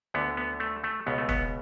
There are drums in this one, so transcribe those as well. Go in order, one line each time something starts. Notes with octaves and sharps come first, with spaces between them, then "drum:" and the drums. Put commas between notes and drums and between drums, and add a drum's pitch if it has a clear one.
D2 D3 B3
B3
A3
A3
C#2 B2 B3
A3
B3, drum: kick